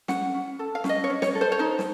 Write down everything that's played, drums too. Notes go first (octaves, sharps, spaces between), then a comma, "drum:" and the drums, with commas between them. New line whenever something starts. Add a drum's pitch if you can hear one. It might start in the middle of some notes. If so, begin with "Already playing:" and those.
C#4 F#5, drum: snare
C#4
A4
F5
C#4, drum: snare
D#5
C#5
C#4
C#5, drum: snare
A4
C5
C#5
D#4 C5
drum: snare